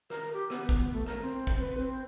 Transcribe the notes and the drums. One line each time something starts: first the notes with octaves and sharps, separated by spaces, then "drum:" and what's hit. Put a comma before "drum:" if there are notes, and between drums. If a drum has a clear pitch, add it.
A#4, drum: rim click
G4
B3, drum: rim click
drum: kick
A3
A#4, drum: rim click
C4
drum: kick
B4
C4